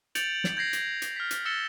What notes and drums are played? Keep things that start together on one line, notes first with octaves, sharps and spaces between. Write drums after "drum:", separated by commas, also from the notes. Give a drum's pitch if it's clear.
G6 A6 C#7 D7 F7 F#7, drum: hi-hat
F#7
drum: snare
G6 G#6 A#6 C7
drum: hi-hat
drum: hi-hat
F6 B6
drum: hi-hat
E6 A6 A#6 C#7 E7 G7